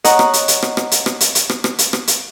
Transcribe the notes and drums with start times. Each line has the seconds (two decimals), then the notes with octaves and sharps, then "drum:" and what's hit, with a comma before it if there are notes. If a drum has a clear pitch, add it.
0.04 C#5 D#5 F#5 A#5, drum: hi-hat
0.19 drum: rim click
0.33 drum: hi-hat
0.48 drum: hi-hat
0.62 drum: rim click
0.77 drum: rim click
0.91 drum: hi-hat
1.06 drum: rim click
1.20 drum: hi-hat
1.35 drum: hi-hat
1.49 drum: rim click
1.64 drum: rim click
1.78 drum: hi-hat
1.93 drum: rim click
2.08 drum: hi-hat